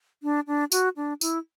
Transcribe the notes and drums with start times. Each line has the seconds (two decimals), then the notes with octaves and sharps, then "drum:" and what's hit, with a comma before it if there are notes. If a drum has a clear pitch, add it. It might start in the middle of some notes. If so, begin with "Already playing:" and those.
0.23 D4
0.47 D4
0.72 F#4, drum: tambourine
0.96 D4
1.21 E4, drum: tambourine